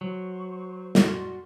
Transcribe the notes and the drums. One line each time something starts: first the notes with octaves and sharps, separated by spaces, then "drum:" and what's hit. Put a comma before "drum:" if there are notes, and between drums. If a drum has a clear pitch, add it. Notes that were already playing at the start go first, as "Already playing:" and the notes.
F#3 C5 C#6
F#4 D5 C6, drum: snare